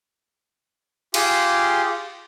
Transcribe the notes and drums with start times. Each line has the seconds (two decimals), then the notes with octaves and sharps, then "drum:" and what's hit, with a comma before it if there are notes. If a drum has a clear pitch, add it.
1.14 F4 G4 G#4 C6, drum: cymbal